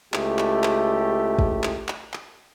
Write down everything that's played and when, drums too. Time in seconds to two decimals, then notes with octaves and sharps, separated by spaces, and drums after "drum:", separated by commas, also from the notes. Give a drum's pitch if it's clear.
0.14 C#2 A3 E4 G4, drum: clap
0.39 drum: clap
0.64 drum: clap
1.39 drum: kick
1.64 drum: clap
1.89 drum: clap
2.14 drum: clap